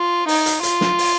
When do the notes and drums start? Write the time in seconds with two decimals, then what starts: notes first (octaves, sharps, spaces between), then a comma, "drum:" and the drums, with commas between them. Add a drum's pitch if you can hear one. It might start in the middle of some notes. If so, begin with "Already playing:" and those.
Already playing: F4
0.28 D#4, drum: open hi-hat
0.46 drum: hi-hat
0.63 F4, drum: hi-hat
0.81 drum: snare
0.98 drum: open hi-hat